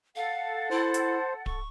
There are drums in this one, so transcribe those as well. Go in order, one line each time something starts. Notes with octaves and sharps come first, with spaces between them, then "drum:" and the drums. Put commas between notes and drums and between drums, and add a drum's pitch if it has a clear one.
A4 F5 F#5
E4 C5
drum: hi-hat
C#6, drum: kick D1